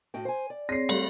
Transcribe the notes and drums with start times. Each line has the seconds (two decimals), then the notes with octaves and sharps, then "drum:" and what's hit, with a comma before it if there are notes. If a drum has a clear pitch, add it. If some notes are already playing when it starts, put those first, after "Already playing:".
0.14 A2 F#4 G5
0.25 C5 G#5
0.50 D5
0.69 C4 G#4 C#5 A#6 C7
0.89 G3 A3, drum: cymbal